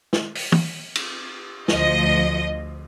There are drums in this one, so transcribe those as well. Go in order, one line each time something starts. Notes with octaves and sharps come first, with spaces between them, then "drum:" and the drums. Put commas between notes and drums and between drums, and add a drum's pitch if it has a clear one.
drum: snare
drum: open hi-hat
drum: tom
drum: cymbal
D2 F3 D#5, drum: snare